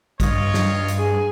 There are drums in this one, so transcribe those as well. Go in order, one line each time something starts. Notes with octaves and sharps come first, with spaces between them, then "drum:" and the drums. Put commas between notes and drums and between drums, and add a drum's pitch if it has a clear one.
G2 F4 C#5 D#5, drum: kick A1, hi-hat
drum: snare
drum: hi-hat
G#4